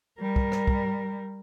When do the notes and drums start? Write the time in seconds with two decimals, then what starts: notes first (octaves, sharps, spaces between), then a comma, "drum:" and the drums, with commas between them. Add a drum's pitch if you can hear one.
0.20 G3 A#4
0.36 drum: kick
0.52 drum: rim click
0.67 drum: kick